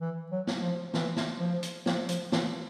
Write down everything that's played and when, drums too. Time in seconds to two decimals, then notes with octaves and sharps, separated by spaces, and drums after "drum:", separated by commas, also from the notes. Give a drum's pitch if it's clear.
0.01 E3
0.31 F#3
0.47 drum: snare
0.62 F3
0.94 E3, drum: snare
1.16 drum: snare
1.40 F3
1.63 drum: hi-hat
1.86 F3, drum: snare
2.09 F3, drum: hi-hat
2.32 E3, drum: snare